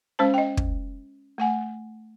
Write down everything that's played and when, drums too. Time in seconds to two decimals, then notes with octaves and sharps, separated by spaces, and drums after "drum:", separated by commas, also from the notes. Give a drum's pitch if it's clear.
0.19 G#3 C#4 C5 A5
0.34 D#5 G5
0.57 drum: kick
1.38 A3 F#5 G#5